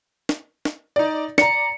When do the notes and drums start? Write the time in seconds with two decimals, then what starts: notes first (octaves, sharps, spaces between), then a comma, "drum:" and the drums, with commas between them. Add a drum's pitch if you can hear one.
0.29 drum: snare
0.65 drum: snare
0.96 D#4 D5
1.38 D5 A#5 C#7, drum: snare